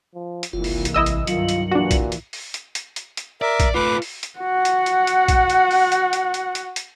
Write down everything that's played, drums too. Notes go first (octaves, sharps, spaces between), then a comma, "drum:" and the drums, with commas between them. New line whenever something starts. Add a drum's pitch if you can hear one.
F3
drum: hi-hat
F#1 C2 E3 G#3 A#3 F4
drum: open hi-hat
drum: hi-hat
A1 E4 D#5 E6
drum: hi-hat
C2 G2 D#3 F#3 F4, drum: hi-hat
drum: hi-hat
A#2 E3 D4 F#4
drum: kick, hi-hat
drum: hi-hat
drum: open hi-hat
drum: hi-hat
drum: hi-hat
drum: hi-hat
drum: hi-hat
A#4 D5 E5
drum: kick, hi-hat
A3 F4 B4 D6
drum: open hi-hat
drum: hi-hat
F#4 F#5
drum: hi-hat
drum: hi-hat
drum: hi-hat
drum: kick, hi-hat
drum: hi-hat
drum: open hi-hat
drum: hi-hat
drum: hi-hat
drum: hi-hat
drum: hi-hat
drum: hi-hat